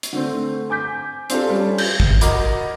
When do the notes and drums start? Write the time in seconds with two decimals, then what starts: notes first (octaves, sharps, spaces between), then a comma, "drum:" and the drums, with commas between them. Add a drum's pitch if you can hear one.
0.03 drum: hi-hat
0.13 D3 A3 C4
0.70 G#5 D6 G6 B6
1.30 C4 D4 F4 G4 A4, drum: hi-hat
1.50 G3 C#4
1.78 G6, drum: cymbal
2.00 drum: kick
2.21 F#4 A#4 D#5 B5 D6, drum: hi-hat